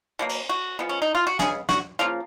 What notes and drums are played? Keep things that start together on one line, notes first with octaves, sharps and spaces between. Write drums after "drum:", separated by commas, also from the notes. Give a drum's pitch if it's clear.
B2 F#3 A#3
drum: cymbal
F#4
F3 G#3 B3
C#4
D#4
F4
F#4
C#3 F3 G#3 B3 G#4, drum: snare
F#4, drum: snare
C#3 F3 A#3 F4